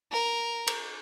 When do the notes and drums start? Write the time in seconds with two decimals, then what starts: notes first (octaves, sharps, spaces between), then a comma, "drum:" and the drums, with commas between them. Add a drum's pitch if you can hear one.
0.12 A#4
0.67 drum: cymbal